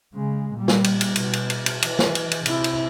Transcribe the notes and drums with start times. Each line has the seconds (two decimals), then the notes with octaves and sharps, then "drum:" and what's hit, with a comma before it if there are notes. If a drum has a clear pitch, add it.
0.14 C#3 G#3
0.55 A#2 G3
0.68 drum: snare
0.84 drum: cymbal
1.01 drum: cymbal
1.16 B2, drum: cymbal
1.33 drum: cymbal
1.50 drum: cymbal
1.66 drum: cymbal
1.82 E3, drum: cymbal
1.99 drum: snare
2.15 drum: cymbal
2.32 drum: cymbal
2.46 C3 E4, drum: cymbal
2.64 drum: cymbal